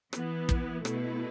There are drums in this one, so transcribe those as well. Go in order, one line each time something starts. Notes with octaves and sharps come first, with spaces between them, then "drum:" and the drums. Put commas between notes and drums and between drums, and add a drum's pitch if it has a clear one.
E3 B3 E4, drum: rim click
drum: kick
B2 A3 E4 B4, drum: rim click